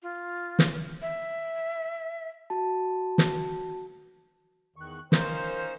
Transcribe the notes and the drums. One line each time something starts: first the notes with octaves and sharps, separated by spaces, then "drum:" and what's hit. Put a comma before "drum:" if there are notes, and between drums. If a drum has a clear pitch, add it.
F4
drum: snare
E5
F#4 A5
drum: snare
E2 D#3 C#6 F#6
C#4 D#4 F4 A#4 C5 C6, drum: snare